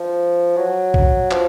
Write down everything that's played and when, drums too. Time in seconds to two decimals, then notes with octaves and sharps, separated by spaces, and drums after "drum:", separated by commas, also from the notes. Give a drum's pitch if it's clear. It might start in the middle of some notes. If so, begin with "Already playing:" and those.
Already playing: F3
0.57 F#3
0.94 drum: kick A#1
1.31 F3, drum: clap